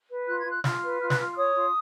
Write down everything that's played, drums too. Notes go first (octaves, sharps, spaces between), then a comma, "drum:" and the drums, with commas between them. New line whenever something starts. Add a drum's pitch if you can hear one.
B4
F4 F#6
G#6
F4
F#6
F4 F6, drum: snare
B4
F4 F6
F#6, drum: snare
F4 F6
F6
C#5 D#6
F4